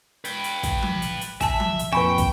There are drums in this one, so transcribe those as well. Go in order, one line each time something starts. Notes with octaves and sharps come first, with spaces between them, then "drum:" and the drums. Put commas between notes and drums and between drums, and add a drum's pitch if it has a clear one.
B4 G5, drum: hi-hat
drum: hi-hat
drum: kick, hi-hat
drum: tom F3
drum: hi-hat
drum: hi-hat
E5 G#5 A5, drum: kick, hi-hat
drum: tom F3
drum: hi-hat
F2 A#2 B4 G5 G#5 B5 C#6
drum: kick, hi-hat